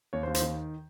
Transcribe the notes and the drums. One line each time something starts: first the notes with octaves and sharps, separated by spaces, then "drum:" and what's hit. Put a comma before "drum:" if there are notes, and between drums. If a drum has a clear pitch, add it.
D#2 C#5
C5
D#2
C5, drum: hi-hat
D#3